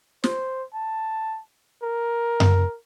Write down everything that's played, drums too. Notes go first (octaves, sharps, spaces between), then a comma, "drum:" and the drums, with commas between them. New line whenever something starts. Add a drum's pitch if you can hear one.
C5, drum: snare
A5
A#4
drum: tom F#2